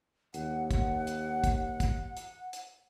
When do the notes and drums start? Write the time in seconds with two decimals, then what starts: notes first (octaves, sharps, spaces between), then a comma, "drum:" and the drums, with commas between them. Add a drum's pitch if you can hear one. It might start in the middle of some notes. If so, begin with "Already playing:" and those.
0.34 D#2 F#5, drum: hi-hat
0.71 drum: kick, hi-hat
1.07 drum: hi-hat
1.44 drum: kick, hi-hat
1.80 drum: kick, hi-hat
2.17 drum: hi-hat
2.53 drum: hi-hat